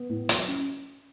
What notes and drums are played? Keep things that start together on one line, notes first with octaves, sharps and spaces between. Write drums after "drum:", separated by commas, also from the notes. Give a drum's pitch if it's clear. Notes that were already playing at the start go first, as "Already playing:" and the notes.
Already playing: B3
A2
F#3, drum: hi-hat
C#4